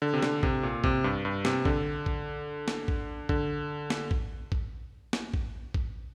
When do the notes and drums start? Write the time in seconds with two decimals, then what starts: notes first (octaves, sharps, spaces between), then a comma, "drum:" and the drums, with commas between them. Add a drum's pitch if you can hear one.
0.02 D3
0.14 C3
0.23 D3, drum: snare
0.43 C3, drum: kick A1
0.63 A#2
0.84 C3, drum: kick A1
1.04 G2
1.25 G2
1.45 C3, drum: snare
1.65 D3, drum: kick A1
2.06 drum: kick A1
2.68 drum: snare
2.88 drum: kick A1
3.29 D3, drum: kick A1
3.90 drum: snare
4.11 drum: kick A1
4.52 drum: kick A1
5.13 drum: snare
5.34 drum: kick A1
5.74 drum: kick A1